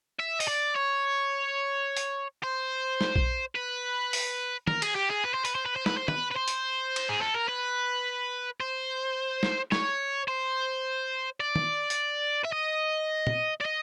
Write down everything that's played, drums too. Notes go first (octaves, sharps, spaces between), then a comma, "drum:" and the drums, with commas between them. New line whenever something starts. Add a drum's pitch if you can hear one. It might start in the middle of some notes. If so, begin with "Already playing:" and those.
E5
D#5, drum: open hi-hat
D5
C#5
drum: hi-hat
C5
drum: snare
drum: kick A#1
B4
drum: open hi-hat
A#4, drum: tom
G#4, drum: cymbal
G4
G#4
B4
C5
B4, drum: hi-hat
C5
B4
C5
B4, drum: snare
C5
B4, drum: tom
B4
C5
drum: hi-hat
drum: cymbal
G#4
A4
A#4
B4
C5
drum: snare
C#5, drum: snare
C5
D5
drum: tom
drum: hi-hat
E5
D#5
drum: tom
D5
D#5